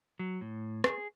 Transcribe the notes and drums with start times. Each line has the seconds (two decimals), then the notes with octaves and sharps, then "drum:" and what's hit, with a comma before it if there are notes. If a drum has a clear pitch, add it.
0.19 F#3
0.41 A2
0.84 G#4, drum: rim click